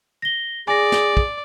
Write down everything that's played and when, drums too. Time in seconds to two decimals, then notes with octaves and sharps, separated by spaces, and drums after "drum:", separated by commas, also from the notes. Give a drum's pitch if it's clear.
0.22 A#6 G7
0.68 G#4 D5 G#5 A#6
0.92 drum: snare
1.17 drum: kick